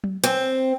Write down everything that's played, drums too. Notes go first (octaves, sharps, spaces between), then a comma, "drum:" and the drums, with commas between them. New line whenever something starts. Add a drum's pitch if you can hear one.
drum: tom F#3
C4